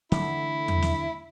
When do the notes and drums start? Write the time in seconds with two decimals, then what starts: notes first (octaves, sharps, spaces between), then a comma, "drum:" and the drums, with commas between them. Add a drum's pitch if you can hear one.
0.12 D3 E3 A3 E4, drum: snare
0.68 drum: tom E2
0.82 drum: snare